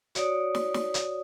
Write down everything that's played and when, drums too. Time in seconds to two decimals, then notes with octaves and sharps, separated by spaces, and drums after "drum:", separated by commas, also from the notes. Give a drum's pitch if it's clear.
0.15 F#4 C#5 D5 D#6, drum: hi-hat
0.55 drum: snare
0.74 drum: snare
0.94 drum: hi-hat